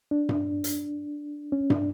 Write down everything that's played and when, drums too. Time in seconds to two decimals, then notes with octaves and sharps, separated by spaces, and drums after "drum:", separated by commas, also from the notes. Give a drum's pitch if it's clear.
0.11 D4
0.29 drum: tom G2
0.64 drum: hi-hat
1.52 C#4
1.70 D4, drum: tom G2